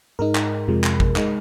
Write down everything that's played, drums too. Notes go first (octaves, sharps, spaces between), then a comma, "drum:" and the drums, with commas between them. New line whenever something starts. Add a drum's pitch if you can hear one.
G#2 G#3 D#4 A#4
drum: clap
F2 C3 F3 G#3
drum: clap
drum: kick G#1
G#3 D#4, drum: clap